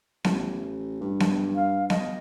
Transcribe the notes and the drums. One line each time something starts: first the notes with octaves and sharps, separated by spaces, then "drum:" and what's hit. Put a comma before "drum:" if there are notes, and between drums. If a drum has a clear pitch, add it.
A1, drum: snare B3
G2
drum: snare B3
F5
D#5, drum: snare B3